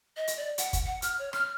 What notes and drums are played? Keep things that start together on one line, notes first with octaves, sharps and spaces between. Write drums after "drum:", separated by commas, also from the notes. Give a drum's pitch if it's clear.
D#5
drum: hi-hat
D5
F#5, drum: hi-hat
drum: kick, hi-hat
F#5
F6, drum: hi-hat
C#5
F6, drum: rim click